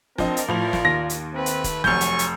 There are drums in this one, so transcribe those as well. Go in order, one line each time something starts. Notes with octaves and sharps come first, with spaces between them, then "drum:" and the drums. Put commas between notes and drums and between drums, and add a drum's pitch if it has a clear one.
F3 C4 D4 A#4 D5 D#5, drum: snare
drum: hi-hat
A2 F3 F4 F7
drum: snare
D#2 A#6
drum: hi-hat
A3 C4 B4
drum: hi-hat
drum: kick, hi-hat
F1 F#3 G#5 C#6 G6, drum: snare
drum: hi-hat
drum: hi-hat